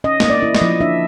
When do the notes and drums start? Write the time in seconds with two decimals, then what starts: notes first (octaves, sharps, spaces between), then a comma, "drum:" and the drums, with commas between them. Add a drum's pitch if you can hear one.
0.04 C#4 D#5
0.20 A#3 D#5, drum: snare
0.30 D5
0.43 E4
0.55 D#5, drum: snare
0.61 F3
0.81 D4 E5